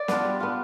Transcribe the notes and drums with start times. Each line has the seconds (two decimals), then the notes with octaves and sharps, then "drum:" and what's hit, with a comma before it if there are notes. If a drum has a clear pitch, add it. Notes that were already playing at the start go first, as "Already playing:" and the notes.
Already playing: D5
0.08 B3 D4 F4, drum: snare
0.25 G3
0.40 B3 D4 F4